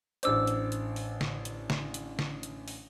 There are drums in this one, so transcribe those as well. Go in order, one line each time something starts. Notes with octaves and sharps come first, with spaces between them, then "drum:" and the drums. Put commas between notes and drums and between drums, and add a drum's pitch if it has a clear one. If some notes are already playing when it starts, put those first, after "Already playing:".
A1 D4 C5 D5 D6 E6, drum: hi-hat
drum: hi-hat
drum: hi-hat
drum: open hi-hat
drum: snare
drum: hi-hat
drum: snare
drum: hi-hat
drum: snare
drum: hi-hat
drum: open hi-hat